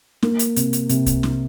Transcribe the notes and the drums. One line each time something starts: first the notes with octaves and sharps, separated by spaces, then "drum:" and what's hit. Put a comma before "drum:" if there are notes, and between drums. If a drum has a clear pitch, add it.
A#3, drum: snare
drum: hi-hat
C3, drum: hi-hat
drum: hi-hat
C3, drum: hi-hat
drum: kick C2, hi-hat
drum: snare